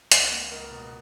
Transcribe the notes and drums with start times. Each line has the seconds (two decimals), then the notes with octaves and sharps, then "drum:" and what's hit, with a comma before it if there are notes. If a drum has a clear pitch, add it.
0.12 C#2 F#5, drum: hi-hat
0.32 A#3
0.52 C#2 A#4
0.71 B2